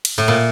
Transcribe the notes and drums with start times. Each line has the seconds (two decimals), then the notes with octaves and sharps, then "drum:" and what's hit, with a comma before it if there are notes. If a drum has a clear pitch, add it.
0.05 drum: cymbal
0.18 A2
0.28 A#2